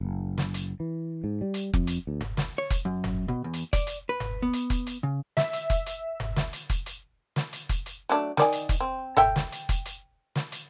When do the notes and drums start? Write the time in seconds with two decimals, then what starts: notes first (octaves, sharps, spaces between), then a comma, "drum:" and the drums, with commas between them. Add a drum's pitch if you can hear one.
0.01 F#1
0.38 drum: snare
0.54 drum: hi-hat
0.80 E3
1.24 G#2
1.41 G3
1.54 drum: hi-hat
1.74 F2, drum: kick F1
1.87 drum: hi-hat
2.07 D2
2.21 drum: tom F#1
2.37 drum: snare
2.58 C#5
2.70 drum: kick F1, hi-hat
2.85 F#2
3.04 drum: tom F#1
3.28 B2
3.44 E2
3.54 drum: hi-hat
3.73 D5, drum: kick F1, hi-hat
3.87 drum: hi-hat
4.09 B4
4.20 drum: tom F#1
4.42 B3
4.53 drum: hi-hat
4.70 drum: kick F1, hi-hat
4.87 drum: hi-hat
5.03 C#3
5.37 E5, drum: snare
5.53 drum: hi-hat
5.70 drum: kick F1, hi-hat
5.86 drum: hi-hat
6.20 drum: tom F#1
6.36 drum: snare
6.53 drum: hi-hat
6.70 drum: kick F1, hi-hat
6.86 drum: hi-hat
7.36 drum: snare
7.53 drum: hi-hat
7.69 drum: kick F1, hi-hat
7.86 drum: hi-hat
8.09 F#3 A3 D4
8.37 D#3 D5 G#5, drum: snare
8.53 drum: hi-hat
8.69 drum: kick F1, hi-hat
8.80 C4
9.17 A4 E5 G5, drum: tom F#1
9.36 drum: snare
9.52 drum: hi-hat
9.69 drum: kick F1, hi-hat
9.86 drum: hi-hat
10.35 drum: snare
10.52 drum: hi-hat